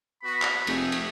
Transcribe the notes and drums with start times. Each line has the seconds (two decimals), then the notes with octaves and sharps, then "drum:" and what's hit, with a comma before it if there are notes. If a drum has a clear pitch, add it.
0.23 B3 F#4 B5
0.42 drum: clap
0.67 F1 A3 G4 G#4, drum: cymbal
0.92 drum: cymbal